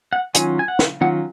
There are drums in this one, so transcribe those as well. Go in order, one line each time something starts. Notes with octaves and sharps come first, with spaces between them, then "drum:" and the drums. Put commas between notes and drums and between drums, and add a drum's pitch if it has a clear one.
F#5
D#3 F#3 C#4 F4 G#5, drum: hi-hat
G#5
F#5
drum: snare
D#3 F#3 C#4 F4 F#5